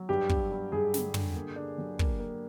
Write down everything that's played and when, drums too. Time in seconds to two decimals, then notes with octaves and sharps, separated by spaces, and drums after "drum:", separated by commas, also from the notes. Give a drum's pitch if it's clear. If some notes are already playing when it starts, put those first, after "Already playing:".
Already playing: F#3
0.09 G2 G4
0.29 G2, drum: kick
0.52 G3
0.72 G2 G#4
0.94 D3, drum: snare
1.14 D3, drum: tom
1.35 A#3
1.56 D4
1.78 F#3
1.99 A#3, drum: kick
2.19 A#3